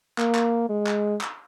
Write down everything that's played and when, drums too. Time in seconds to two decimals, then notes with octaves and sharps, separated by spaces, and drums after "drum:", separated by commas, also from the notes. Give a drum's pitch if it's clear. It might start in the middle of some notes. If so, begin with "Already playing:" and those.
0.18 A#3, drum: clap
0.35 drum: clap
0.69 G#3
0.86 drum: clap
1.21 drum: clap